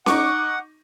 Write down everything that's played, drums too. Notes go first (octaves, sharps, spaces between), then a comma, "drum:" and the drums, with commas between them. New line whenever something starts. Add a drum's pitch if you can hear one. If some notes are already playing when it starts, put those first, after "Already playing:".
D#4 F#5 C#6 D6, drum: snare C#4